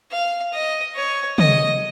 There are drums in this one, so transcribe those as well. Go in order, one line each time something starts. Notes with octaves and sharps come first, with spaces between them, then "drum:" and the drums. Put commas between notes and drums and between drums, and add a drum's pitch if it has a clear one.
F5
D#5
C#5
D#5, drum: tom